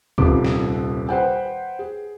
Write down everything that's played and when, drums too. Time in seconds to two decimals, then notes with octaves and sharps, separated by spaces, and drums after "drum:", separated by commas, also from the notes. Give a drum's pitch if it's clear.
0.18 D#1 C2 D#3 F4 B4 D6, drum: kick C2
0.45 drum: snare
1.09 B4 C5 F#5 G5
1.79 G#4